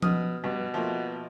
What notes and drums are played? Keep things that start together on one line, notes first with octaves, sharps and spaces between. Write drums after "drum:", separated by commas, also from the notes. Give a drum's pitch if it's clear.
B2 D#6 F6, drum: tom F3
G2 B2
F3 A3 A#3